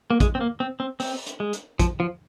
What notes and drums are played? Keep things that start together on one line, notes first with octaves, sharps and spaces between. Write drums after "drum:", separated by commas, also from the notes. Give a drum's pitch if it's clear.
A#3
G#3, drum: kick, hi-hat
C4
A#3
C4
C4
C4, drum: open hi-hat
drum: hi-hat
G#3
drum: hi-hat
F3, drum: kick, hi-hat
F3